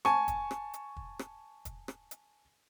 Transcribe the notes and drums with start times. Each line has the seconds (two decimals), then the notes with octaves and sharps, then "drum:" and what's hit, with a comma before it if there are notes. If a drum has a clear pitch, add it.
0.05 G#5 A5 C#6, drum: rim click
0.28 drum: kick, hi-hat
0.51 drum: rim click
0.74 drum: hi-hat
0.96 drum: kick
1.19 drum: rim click
1.65 drum: kick, hi-hat
1.88 drum: rim click
2.11 drum: hi-hat